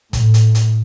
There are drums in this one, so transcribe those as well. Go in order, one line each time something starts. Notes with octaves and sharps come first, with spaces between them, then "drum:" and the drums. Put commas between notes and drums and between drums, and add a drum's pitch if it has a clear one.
A2, drum: kick, hi-hat
drum: hi-hat
drum: hi-hat